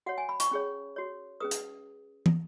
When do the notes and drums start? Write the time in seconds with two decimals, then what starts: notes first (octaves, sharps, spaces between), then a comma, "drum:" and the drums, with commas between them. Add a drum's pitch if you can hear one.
0.06 F#4 C#5 F#5
0.18 G#5
0.29 B5
0.40 C#6, drum: hi-hat
0.51 C#4 G#4 C#5
0.96 F#4 C#5
1.40 C#4 G#4 B4 D#6
1.51 drum: hi-hat
2.26 drum: tom